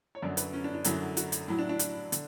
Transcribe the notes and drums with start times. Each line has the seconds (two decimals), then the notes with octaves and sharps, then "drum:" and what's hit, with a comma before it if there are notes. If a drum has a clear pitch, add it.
0.15 C#5
0.22 F#2 D3 F#3 D5
0.37 B4, drum: hi-hat
0.53 C#4
0.64 D4
0.75 D4
0.84 F#2 D3 F#3 E4, drum: hi-hat
1.17 F#4, drum: hi-hat
1.32 drum: hi-hat
1.47 A2 F#3 E4
1.59 D4
1.69 D4
1.79 drum: hi-hat
2.12 D3, drum: hi-hat